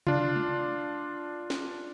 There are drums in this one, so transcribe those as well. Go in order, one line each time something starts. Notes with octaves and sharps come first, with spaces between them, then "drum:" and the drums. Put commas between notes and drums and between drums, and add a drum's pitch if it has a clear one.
D4 F4, drum: tom C3
drum: tom
drum: snare